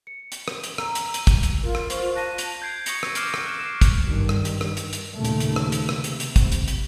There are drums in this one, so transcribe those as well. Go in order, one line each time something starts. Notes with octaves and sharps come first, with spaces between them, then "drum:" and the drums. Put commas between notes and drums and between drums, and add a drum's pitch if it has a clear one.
C#7
drum: hi-hat
drum: rim click
drum: hi-hat
A#5 E6, drum: rim click
drum: hi-hat
D#7, drum: hi-hat
drum: kick, hi-hat
drum: hi-hat
F4 A#4
drum: rim click
C5 C#6, drum: hi-hat
A5 F#6 A#6 D#7
drum: hi-hat
G6 G#6 C7 D7
C#6 D#6 A#6 C#7, drum: hi-hat
A#6 D7 D#7, drum: rim click
D6 E6 F6 C7 D7, drum: hi-hat
drum: rim click
F6 F#6 A#6 D#7 E7
C7
drum: kick, hi-hat
G2 D#3
drum: rim click
drum: hi-hat
drum: rim click
drum: hi-hat
drum: hi-hat
D#2 A#2 C#3 A3
drum: hi-hat
drum: hi-hat
drum: rim click
drum: hi-hat
C3, drum: rim click
drum: hi-hat
drum: hi-hat
drum: kick, hi-hat
drum: hi-hat
drum: hi-hat